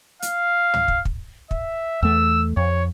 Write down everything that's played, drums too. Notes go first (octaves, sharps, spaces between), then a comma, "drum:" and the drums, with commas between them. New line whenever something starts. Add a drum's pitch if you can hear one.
F5, drum: hi-hat
drum: tom
drum: kick
drum: kick
E5, drum: kick
E2 A3 E6
F2 C#5